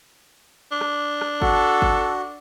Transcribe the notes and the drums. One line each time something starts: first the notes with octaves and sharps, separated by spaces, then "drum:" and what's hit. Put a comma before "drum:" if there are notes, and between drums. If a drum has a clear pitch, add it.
D4
drum: rim click
drum: rim click
F#4 A4, drum: kick G1
drum: kick G1